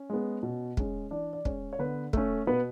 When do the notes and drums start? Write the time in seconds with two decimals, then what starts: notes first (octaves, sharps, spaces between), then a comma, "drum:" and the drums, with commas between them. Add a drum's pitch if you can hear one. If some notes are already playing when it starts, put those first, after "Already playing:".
Already playing: C#4
0.10 G#3 B3
0.43 B2
0.77 G#3 C#4, drum: kick
1.11 E3 D4 D5
1.33 D5
1.45 G#3 C#4 C#5, drum: kick
1.73 C#5
1.79 D3 B3 B4
2.13 A3 C#4 A4, drum: kick
2.47 B2 B3 B4